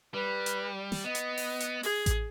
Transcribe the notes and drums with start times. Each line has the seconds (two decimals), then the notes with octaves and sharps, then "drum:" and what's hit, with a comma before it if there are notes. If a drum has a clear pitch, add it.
0.14 G3 B4
0.46 drum: hi-hat
0.92 drum: snare
1.04 B3 D#5
1.15 drum: hi-hat
1.38 drum: open hi-hat
1.60 drum: hi-hat
1.83 G#4, drum: open hi-hat
2.06 drum: kick A1, hi-hat